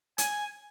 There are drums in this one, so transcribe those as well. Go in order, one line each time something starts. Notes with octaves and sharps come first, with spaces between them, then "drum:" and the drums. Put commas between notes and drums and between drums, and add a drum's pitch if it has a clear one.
G#5, drum: hi-hat